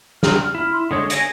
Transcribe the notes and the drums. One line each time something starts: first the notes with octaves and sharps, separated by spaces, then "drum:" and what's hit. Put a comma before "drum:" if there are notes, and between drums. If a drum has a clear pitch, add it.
F6, drum: snare
E4 F6
C6
D3 G#3 C#5 D#6
G#5 A#6, drum: hi-hat